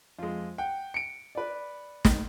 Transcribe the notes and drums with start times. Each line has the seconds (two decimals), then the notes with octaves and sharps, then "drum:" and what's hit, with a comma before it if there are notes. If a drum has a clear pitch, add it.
0.19 F2 G#3 F4
0.58 F#5 G5
0.94 C#7 D7
1.35 B4 D5
2.05 drum: snare